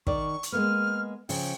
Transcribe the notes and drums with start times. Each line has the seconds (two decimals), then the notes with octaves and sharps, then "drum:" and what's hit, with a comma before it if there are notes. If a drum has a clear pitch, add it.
0.07 D#3 D5 C#6, drum: kick
0.43 drum: hi-hat
0.52 G#3 A#3 B3 F6
1.29 C#3 F3 G5, drum: open hi-hat